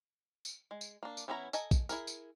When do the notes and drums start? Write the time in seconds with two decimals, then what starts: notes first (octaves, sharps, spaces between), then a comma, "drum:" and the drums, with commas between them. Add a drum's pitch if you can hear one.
0.45 drum: tambourine
0.71 G#3
0.81 drum: tambourine
1.03 A#3 D4
1.17 drum: tambourine
1.28 E3 B3 C#4 E4 A#5
1.53 A4 D#5 G#5 A#5, drum: tambourine
1.71 drum: kick, tambourine
1.89 E4 G#4 A#4, drum: tambourine
2.07 drum: tambourine